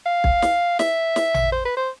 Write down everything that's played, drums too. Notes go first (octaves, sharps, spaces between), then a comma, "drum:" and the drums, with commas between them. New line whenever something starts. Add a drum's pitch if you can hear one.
F5
drum: kick
drum: snare
E5, drum: snare
drum: snare
drum: tom A1
C5
B4
C5